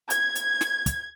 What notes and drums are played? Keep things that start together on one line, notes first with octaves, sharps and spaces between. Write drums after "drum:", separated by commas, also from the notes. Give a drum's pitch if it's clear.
G#6, drum: hi-hat
drum: hi-hat
drum: snare
drum: kick, hi-hat